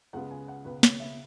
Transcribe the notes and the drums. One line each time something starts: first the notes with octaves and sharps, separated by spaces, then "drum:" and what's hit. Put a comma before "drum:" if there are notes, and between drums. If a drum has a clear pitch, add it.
C#2 C#3 G#3 B3 F#5
G#5
F#5
C#2 B2 B3 B4
C#5, drum: snare
E5